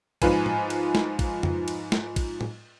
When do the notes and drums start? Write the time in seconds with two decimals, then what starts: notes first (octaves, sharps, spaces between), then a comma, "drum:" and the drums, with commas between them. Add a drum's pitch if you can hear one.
0.22 G#2 F3 F4 B4 G#5, drum: kick, cymbal
0.46 drum: tom A2
0.70 drum: cymbal
0.95 drum: snare
1.19 drum: kick, cymbal
1.43 drum: tom F2
1.68 drum: cymbal
1.92 drum: snare
2.16 drum: kick, cymbal
2.41 drum: tom A2